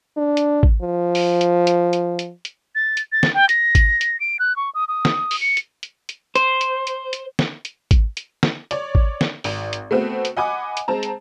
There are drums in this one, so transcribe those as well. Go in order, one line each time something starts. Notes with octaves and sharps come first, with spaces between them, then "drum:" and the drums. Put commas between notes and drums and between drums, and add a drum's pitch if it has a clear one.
D4
drum: hi-hat
drum: kick G#1
F3
drum: open hi-hat
drum: hi-hat
drum: hi-hat
drum: hi-hat
drum: hi-hat
drum: hi-hat
A6
drum: hi-hat
A6
drum: snare
G5
A#6, drum: hi-hat
drum: kick G#1, hi-hat
drum: hi-hat
D7
F#6
C#6
D#6
D#6
drum: snare
drum: open hi-hat
C#7
drum: hi-hat
drum: hi-hat
drum: hi-hat
C5, drum: hi-hat
drum: hi-hat
drum: hi-hat
drum: hi-hat
drum: snare
drum: hi-hat
drum: kick G#1, hi-hat
drum: hi-hat
drum: snare
C#5 D5, drum: hi-hat
drum: kick G#1
drum: snare
G#1, drum: open hi-hat
drum: hi-hat
A3 B3 C4 F#4
drum: hi-hat
D#5 F#5 G#5 B5 D6
drum: hi-hat
G#3 C4 A5 A#5
drum: hi-hat